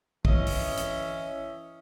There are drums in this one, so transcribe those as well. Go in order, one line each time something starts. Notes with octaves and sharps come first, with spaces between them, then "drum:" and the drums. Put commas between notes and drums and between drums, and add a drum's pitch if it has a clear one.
E3 C#4 D#5 E5, drum: kick
drum: open hi-hat
drum: hi-hat